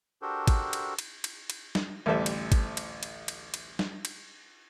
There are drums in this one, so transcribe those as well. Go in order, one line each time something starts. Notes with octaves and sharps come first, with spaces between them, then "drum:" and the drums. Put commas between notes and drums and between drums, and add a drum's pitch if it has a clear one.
D4 F#4 G4 A4 A#4 C5
drum: kick G#1, cymbal
drum: cymbal
drum: cymbal
drum: cymbal
drum: cymbal
drum: snare
A1 D2 G3 A4 C5 E5
drum: cymbal
drum: kick G#1, cymbal
drum: cymbal
drum: cymbal
drum: cymbal
drum: cymbal
drum: snare
drum: cymbal